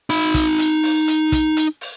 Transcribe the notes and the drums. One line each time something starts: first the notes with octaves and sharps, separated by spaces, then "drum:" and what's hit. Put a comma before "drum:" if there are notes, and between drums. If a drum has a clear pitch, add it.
D#4 B5
drum: kick, hi-hat
drum: hi-hat
drum: open hi-hat
drum: hi-hat
drum: kick, hi-hat
drum: hi-hat
drum: open hi-hat